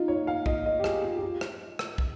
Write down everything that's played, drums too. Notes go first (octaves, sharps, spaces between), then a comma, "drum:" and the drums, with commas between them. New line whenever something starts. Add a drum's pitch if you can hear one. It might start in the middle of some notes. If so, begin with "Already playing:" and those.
Already playing: D#4 F4
C#5
F5
D#5, drum: kick
D#5
G4
G#4, drum: rim click
F4
G4
F4
drum: rim click
drum: rim click
drum: kick